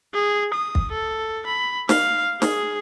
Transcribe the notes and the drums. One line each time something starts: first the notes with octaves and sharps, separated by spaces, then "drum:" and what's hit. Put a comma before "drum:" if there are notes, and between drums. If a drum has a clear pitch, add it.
G#4
D#6
drum: kick
A4
B5
F5, drum: snare
G#4, drum: snare